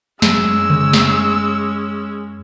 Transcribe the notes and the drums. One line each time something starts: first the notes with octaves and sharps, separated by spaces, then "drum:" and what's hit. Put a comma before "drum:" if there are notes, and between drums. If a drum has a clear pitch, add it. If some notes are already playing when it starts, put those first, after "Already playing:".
F#2 G#3 C#4 E6, drum: snare
drum: tom C#3
drum: snare